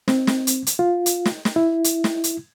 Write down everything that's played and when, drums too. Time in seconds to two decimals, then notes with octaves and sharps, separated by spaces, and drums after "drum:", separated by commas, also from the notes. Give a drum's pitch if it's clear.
0.08 C4, drum: snare
0.27 drum: snare
0.47 drum: hi-hat
0.67 drum: hi-hat
0.79 F4
1.06 drum: hi-hat
1.25 drum: snare
1.45 drum: snare
1.56 E4
1.84 drum: hi-hat
2.04 drum: snare
2.24 drum: hi-hat